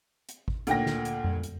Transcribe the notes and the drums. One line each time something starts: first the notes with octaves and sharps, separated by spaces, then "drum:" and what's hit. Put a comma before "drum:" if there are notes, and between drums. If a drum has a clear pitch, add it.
drum: hi-hat
drum: kick G#1
D2 A#2 G5 A#6, drum: hi-hat
drum: snare
drum: hi-hat
drum: tom F2
drum: hi-hat